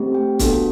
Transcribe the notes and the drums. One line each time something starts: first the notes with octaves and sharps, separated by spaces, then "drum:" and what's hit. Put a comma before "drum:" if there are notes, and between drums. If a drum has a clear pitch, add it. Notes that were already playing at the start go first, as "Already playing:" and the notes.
Already playing: A3 C4 G4
G5
B3 D4 F#4 A4, drum: kick C#1, hi-hat